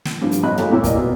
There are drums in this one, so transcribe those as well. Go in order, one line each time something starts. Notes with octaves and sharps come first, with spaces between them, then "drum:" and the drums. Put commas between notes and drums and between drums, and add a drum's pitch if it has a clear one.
drum: snare
G2 D3 F3
drum: hi-hat
C2 A2 D#5 B5 F#6
E3 F#3 A3 A#3, drum: tom
C2 A#2 G4 C#5 E6
A#4 D5 D#5, drum: kick, hi-hat
B2